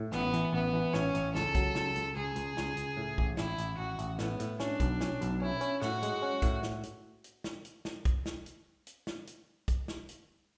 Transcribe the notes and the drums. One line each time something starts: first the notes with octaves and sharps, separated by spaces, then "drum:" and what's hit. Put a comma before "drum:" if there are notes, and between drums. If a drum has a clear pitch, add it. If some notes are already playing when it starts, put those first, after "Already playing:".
Already playing: A2
A1 B3, drum: snare
E3, drum: hi-hat
A1 B3
E3
A1 C#4, drum: snare
A1, drum: hi-hat
C#2 A4, drum: snare
F#3, drum: kick, hi-hat
C#2, drum: snare
C#2, drum: hi-hat
C#2 G#4
C#2, drum: hi-hat
C#2, drum: snare
C#2, drum: hi-hat
A2
A1, drum: kick
A1 E4, drum: snare
A1, drum: hi-hat
A1 F#4
A1, drum: hi-hat
A2 B3, drum: snare
A2, drum: hi-hat
C#4 D4, drum: snare
B1, drum: kick, hi-hat
C#4, drum: snare
B1, drum: hi-hat
C#4 E4
C#4, drum: hi-hat
A2 F#4, drum: snare
G#3, drum: hi-hat
C#4
A2, drum: kick, hi-hat
drum: snare
drum: hi-hat
drum: hi-hat
drum: snare
drum: hi-hat
drum: snare
drum: kick, hi-hat
drum: snare
drum: hi-hat
drum: hi-hat
drum: snare
drum: hi-hat
drum: kick, hi-hat
drum: snare
drum: hi-hat